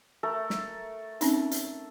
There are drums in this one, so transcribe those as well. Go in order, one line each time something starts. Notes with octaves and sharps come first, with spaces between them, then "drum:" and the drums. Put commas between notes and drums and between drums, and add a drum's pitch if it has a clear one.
A3 A4 A#4
drum: snare
C4 C#4 D#4, drum: hi-hat
drum: hi-hat